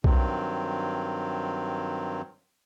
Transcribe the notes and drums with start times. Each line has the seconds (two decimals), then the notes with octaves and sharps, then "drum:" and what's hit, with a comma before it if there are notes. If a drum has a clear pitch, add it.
0.04 G2 D#3 F#3 C4, drum: kick B1